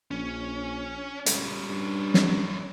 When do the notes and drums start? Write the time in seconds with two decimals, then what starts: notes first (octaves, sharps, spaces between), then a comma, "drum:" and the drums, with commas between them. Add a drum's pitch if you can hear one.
0.11 A#1 C#4
1.26 C#2 G3 C#4, drum: hi-hat
1.69 G2
2.14 drum: snare